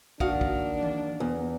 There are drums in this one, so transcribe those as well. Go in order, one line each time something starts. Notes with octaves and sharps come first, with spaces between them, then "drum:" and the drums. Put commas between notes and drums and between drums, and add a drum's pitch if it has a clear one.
D#3 A#3 D4 F#4 F5 D#6, drum: kick
drum: kick
drum: tom E3
E2